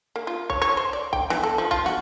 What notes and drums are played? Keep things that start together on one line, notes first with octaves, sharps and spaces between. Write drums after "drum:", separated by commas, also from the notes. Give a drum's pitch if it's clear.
A#3
F4
C#5, drum: kick B1
C#5
C5
D5
G5, drum: kick B1
E3, drum: snare
A4
F3
F4, drum: kick B1
F#4, drum: snare